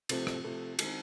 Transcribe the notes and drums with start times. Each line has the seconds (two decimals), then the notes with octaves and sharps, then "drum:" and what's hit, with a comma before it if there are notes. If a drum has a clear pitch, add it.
0.09 C3 F3 A3 C4, drum: cymbal
0.27 drum: rim click
0.44 C3 F3 A3 C4
0.79 D#3 G#3 C4 D#4, drum: cymbal